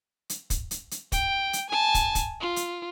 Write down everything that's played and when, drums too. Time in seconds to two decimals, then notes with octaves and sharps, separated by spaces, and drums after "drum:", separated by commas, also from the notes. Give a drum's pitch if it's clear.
0.30 drum: hi-hat
0.50 drum: kick, hi-hat
0.71 drum: hi-hat
0.91 drum: hi-hat
1.12 G5, drum: kick, hi-hat
1.53 drum: hi-hat
1.70 G#5 A5
1.94 drum: kick, hi-hat
2.15 drum: kick, hi-hat
2.41 F4
2.56 drum: hi-hat